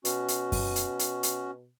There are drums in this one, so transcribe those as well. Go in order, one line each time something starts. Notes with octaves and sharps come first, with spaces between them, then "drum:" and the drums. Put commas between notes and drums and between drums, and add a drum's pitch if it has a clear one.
B2 C#4 F#4, drum: hi-hat
drum: hi-hat
drum: kick F#2, open hi-hat
drum: hi-hat
drum: hi-hat
drum: hi-hat